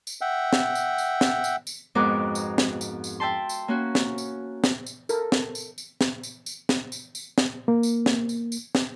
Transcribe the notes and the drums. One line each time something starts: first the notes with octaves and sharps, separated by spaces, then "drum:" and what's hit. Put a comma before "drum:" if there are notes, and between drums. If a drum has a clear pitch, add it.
drum: tambourine
E5 F#5 G5
drum: snare
drum: tambourine
drum: tambourine
drum: snare
drum: tambourine
drum: tambourine
F2 G#2 B3 F#4 A#4 D6
drum: tambourine
drum: snare
drum: tambourine
drum: tambourine
E5 G5 A5 C6
drum: tambourine
A#3 C#4 F#4
drum: snare
drum: tambourine
drum: snare
drum: tambourine
A4 A#4, drum: tambourine
drum: snare
drum: tambourine
drum: tambourine
drum: snare
drum: tambourine
drum: tambourine
drum: snare
drum: tambourine
drum: tambourine
drum: snare
A#3
drum: tambourine
drum: snare
drum: tambourine
drum: tambourine
drum: snare